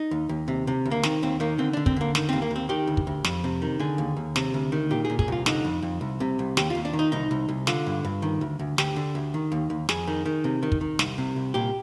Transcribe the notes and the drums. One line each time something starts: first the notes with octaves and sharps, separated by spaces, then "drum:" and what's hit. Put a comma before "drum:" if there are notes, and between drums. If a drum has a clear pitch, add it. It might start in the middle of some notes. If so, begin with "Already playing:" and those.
Already playing: D#4
D#2
D#2
C3
C3
D2
A#3
D#3 C4, drum: snare
D#2 C4
D#3 A#3
D3 C4
D3 D4
C4, drum: kick
D3 A#3
D#3, drum: snare
D#2 C4
A#3
D#2 C4
D#3 G4
D2
drum: kick
D2
F2, drum: snare
C3
D#3
D3 G#4
D#2
D#2
C3, drum: snare
D2
D#3
A#2 G4
G#4
A#2
G#4, drum: kick
C2 F4
D3 D#4, drum: snare
F2
F2
C2
C3
C2
D#2 G4, drum: snare
F4
D#2
D4
D#3
D#4
C2 D#4
C2
C2
D3 F4, drum: snare
G2
G2
D#3
D2
D2
D2 G4, drum: snare
D3
D2
D#3
D#2
D#2
F2 G#4, drum: snare
D#3
D#3
C3
D#3
drum: kick
D#3
C2, drum: snare
C3
C2
A#2 G4